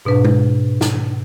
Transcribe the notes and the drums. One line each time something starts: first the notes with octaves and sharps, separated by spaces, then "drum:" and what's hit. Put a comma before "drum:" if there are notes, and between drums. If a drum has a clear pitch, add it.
G#2 B2 D4 B4
drum: tom G#3
drum: snare